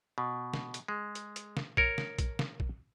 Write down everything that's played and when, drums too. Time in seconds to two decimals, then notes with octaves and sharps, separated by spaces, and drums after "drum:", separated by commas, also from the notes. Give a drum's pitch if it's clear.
0.18 B2
0.54 drum: snare
0.74 drum: hi-hat
0.88 G#3
1.15 drum: hi-hat
1.36 drum: hi-hat
1.57 drum: snare
1.77 A#4 C#5, drum: kick A#1
1.98 drum: snare
2.19 drum: kick A#1, hi-hat
2.39 drum: snare
2.60 drum: kick A#1